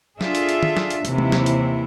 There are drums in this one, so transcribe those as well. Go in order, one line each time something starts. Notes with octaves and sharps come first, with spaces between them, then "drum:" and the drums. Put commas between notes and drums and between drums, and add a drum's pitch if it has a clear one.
D4 F4 G#4 A4 E5, drum: snare
drum: hi-hat
drum: hi-hat
drum: tom
drum: snare
drum: hi-hat
D#2 C3 E3 E4, drum: hi-hat
drum: tom
drum: snare
drum: hi-hat